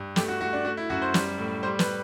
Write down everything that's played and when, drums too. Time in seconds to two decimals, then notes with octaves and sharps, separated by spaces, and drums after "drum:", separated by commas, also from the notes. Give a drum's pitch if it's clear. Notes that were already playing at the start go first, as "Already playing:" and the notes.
Already playing: G2
0.16 A3 G4, drum: snare
0.28 F#4
0.41 A3 F#4
0.53 D4
0.65 A3 F#4
0.77 E4
0.90 F#2 F#4
1.02 C5
1.14 G3, drum: snare
1.39 A2
1.63 G3 C5
1.79 B4, drum: snare